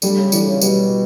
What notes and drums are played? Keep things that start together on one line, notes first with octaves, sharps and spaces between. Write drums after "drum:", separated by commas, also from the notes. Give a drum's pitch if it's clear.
D3 G3, drum: tambourine
C#3
D3 E3, drum: tambourine
C#3
B2 G3, drum: tambourine